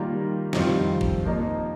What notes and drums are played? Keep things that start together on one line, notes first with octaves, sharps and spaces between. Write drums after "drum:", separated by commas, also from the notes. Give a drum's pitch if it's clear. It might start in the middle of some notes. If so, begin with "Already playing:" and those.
Already playing: D#3 G3 A#3 F4 A#4
F2 D#3 G3 C4 F4, drum: snare
drum: kick G1
F3 A#3 D#4